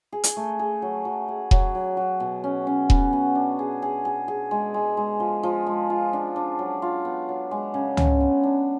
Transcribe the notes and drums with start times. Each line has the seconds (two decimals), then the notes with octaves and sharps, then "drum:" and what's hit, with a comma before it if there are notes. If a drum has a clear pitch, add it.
0.12 G#4
0.24 drum: hi-hat
0.36 A3
0.59 G#4
0.82 F#3
1.05 F#3
1.28 G#4
1.51 F#3, drum: kick E1
1.75 F#3
1.97 F#3
2.20 B2
2.44 C#4
2.67 C#4
2.90 B3, drum: kick E1
3.13 B3
3.35 D4
3.59 G#4
3.82 G#4
4.05 G#4
4.28 G#4
4.51 G#3
4.74 G#3
4.97 G#3
5.20 F3
5.43 F3
5.66 G#3
5.90 F4
6.13 D4
6.36 D4
6.59 F#3
6.82 F4
7.05 B3
7.29 F#3
7.51 G#3
7.74 C#3
7.97 C#3, drum: tom
8.21 B3
8.43 D4